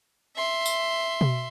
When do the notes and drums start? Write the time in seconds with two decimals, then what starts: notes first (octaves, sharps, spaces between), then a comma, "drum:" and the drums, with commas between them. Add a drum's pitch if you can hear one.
0.36 E5 C6
0.66 drum: tambourine
1.21 drum: tom B2